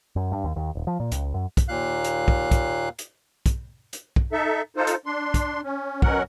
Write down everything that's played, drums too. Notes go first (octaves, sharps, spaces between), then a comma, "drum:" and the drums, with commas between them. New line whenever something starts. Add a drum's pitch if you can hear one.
F#2
G2
D#2
D#2
D#1
F3
A#2
C#2, drum: hi-hat
F#2
drum: kick, hi-hat
D#2 A#2 F5 F#6
drum: hi-hat
drum: kick
drum: kick, hi-hat
drum: hi-hat
drum: kick, hi-hat
drum: hi-hat
drum: kick
D#4 A4 E5
D#4 F4 A4 C5
drum: hi-hat
D4 C6
drum: kick, hi-hat
C#4
B2 F#3 C#4 A#4 F#5, drum: kick